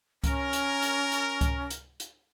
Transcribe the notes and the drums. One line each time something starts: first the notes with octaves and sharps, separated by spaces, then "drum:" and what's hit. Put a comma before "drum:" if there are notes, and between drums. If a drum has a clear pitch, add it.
C#4 A#4, drum: kick C#2, hi-hat
drum: hi-hat
drum: hi-hat
drum: hi-hat
drum: kick C#2, hi-hat
drum: hi-hat
drum: hi-hat